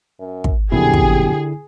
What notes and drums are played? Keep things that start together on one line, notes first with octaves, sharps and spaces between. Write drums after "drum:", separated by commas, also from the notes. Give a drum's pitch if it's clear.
F#2
drum: kick
A#1 F#2 B2 D3 E4 G4 G#4
drum: kick